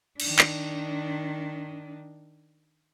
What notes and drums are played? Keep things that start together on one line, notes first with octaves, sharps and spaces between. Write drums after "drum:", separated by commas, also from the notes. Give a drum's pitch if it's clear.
D#3 D4, drum: cymbal
drum: clap